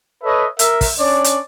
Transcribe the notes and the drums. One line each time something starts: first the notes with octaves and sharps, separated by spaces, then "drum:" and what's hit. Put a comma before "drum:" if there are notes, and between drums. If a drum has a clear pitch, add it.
A4 B4 C#5 D#5 E5
A#4 E5, drum: hi-hat
drum: kick, open hi-hat
C#4 D4 C#5 D5
drum: hi-hat